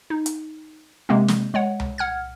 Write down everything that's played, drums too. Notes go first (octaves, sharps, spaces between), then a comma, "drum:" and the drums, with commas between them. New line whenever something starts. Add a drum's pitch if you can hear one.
D#4
drum: hi-hat
C3 G#3 A#3 C4
drum: snare
G#3 C#5 F#5
drum: tom C2
F#5 F6 G#6